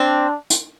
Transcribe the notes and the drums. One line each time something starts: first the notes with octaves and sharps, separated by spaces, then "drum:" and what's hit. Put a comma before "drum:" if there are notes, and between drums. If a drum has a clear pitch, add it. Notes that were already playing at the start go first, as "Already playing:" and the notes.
Already playing: C4 D4
drum: hi-hat